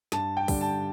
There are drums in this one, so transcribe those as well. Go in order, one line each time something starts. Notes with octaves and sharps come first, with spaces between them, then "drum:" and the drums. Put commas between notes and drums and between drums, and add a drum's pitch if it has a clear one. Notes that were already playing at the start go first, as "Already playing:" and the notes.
G2 A5, drum: snare
G5
D3 G3, drum: kick, open hi-hat
A5